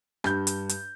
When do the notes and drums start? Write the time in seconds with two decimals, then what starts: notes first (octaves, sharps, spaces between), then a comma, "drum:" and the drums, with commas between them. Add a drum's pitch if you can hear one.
0.24 G2 G6, drum: rim click
0.47 drum: hi-hat
0.69 drum: hi-hat